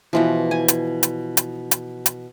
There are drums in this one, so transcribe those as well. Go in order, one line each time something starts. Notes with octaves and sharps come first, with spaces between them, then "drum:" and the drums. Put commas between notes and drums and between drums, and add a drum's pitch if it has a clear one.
B2 E3 F3
G#5
drum: hi-hat
drum: hi-hat
drum: hi-hat
drum: hi-hat
drum: hi-hat